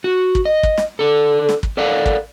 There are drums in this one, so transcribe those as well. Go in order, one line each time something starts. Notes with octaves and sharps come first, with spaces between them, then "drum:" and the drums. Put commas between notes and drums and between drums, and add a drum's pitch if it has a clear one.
F#4
drum: kick
D#5
drum: kick
drum: snare
D4 A4
drum: snare
drum: kick
A4 A#4 D5 F5 F#5
drum: kick